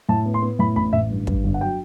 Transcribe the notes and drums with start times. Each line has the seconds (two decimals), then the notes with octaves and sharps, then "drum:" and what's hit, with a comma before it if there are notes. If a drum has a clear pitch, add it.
0.09 A2 A5
0.26 B3
0.34 C6
0.42 B3
0.59 A2 B5
0.76 A1 B5
0.93 A1 E5
1.10 G2
1.27 G2, drum: kick
1.44 G1
1.54 F#5
1.61 F#3 G5